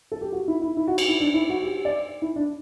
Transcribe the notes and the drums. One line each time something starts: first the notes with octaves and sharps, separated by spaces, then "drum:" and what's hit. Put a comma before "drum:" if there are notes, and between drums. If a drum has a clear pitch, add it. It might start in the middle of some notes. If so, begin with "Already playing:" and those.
A4
G4
F#4
E4
E4
E4
F#4
drum: cymbal
E4
D4
E4
F#4
G4
D5
E4
D4